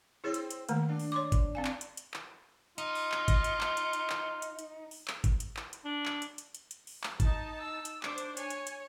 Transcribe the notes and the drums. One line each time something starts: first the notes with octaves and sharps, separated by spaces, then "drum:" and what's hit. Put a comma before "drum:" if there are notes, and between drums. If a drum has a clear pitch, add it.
C4 E4 G#4 C5 C#5
drum: hi-hat
drum: hi-hat
D#3 A3 A#3, drum: hi-hat
D4
drum: open hi-hat
C#5 C6 D6
drum: kick, hi-hat
C4 F5 G#5
drum: clap
drum: hi-hat
drum: hi-hat
drum: clap
D#4 F4, drum: hi-hat
drum: open hi-hat
drum: clap
drum: kick, hi-hat
drum: hi-hat
drum: clap
drum: hi-hat
drum: hi-hat
drum: clap
drum: hi-hat
drum: hi-hat
drum: open hi-hat
drum: clap
drum: kick, hi-hat
drum: hi-hat
drum: clap
drum: hi-hat
D4
drum: clap
drum: hi-hat
drum: hi-hat
drum: hi-hat
drum: hi-hat
drum: open hi-hat
drum: clap
D#4 A5, drum: kick, hi-hat
E6
drum: hi-hat
D4 C5 D6, drum: clap
drum: hi-hat
C#5 G#5, drum: hi-hat
drum: hi-hat
drum: hi-hat